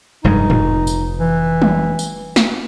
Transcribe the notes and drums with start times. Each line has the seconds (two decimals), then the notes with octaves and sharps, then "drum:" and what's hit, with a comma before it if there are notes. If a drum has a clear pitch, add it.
0.24 F1 G2 G#3 D#4
0.50 F1, drum: tom
0.87 drum: tambourine
1.18 E3
1.62 drum: tom
1.99 drum: tambourine
2.36 drum: snare